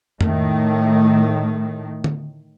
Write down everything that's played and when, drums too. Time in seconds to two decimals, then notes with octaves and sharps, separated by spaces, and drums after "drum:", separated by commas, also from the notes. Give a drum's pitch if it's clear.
0.21 A2 D#3 A3, drum: tom F2
2.04 drum: tom D3